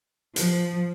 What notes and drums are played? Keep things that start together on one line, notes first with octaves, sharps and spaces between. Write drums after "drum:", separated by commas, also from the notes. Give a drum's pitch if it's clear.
F3, drum: hi-hat